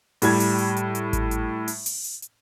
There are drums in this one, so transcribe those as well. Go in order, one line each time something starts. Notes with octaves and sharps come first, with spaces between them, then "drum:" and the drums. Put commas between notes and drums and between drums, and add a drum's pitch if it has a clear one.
A2 G3 G#6, drum: open hi-hat
drum: open hi-hat
drum: hi-hat
drum: hi-hat
drum: hi-hat
drum: kick G#1, hi-hat
drum: hi-hat
drum: open hi-hat
drum: open hi-hat
drum: hi-hat
drum: hi-hat